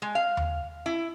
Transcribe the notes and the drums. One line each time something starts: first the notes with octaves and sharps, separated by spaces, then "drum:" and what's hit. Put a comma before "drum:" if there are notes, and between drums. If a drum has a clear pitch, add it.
G#3
F5
drum: tom D#2
E4